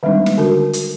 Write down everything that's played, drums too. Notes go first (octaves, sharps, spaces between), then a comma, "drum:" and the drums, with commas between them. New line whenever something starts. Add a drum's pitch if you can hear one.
D#3 G3 G#3 C4 D4 D#4
drum: snare
D3 D4 F#4 A#4
drum: hi-hat